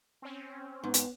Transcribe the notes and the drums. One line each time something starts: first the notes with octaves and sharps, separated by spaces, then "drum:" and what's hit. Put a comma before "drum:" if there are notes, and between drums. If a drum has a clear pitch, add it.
C4 C#4
G#2 B3
drum: hi-hat